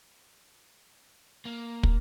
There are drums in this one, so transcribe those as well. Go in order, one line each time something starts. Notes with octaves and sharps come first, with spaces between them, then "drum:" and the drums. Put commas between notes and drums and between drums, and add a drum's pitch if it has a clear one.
A#3
drum: kick